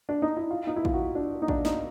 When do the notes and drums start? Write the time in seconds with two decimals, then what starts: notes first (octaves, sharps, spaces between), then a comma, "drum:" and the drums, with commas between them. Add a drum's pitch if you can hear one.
0.09 D4
0.22 D#4
0.37 E4
0.51 F4
0.67 D#4
0.76 E4
0.85 F4, drum: kick A1
0.93 F#4
1.15 D4
1.42 D#4
1.48 D4, drum: kick A1
1.65 D#4, drum: snare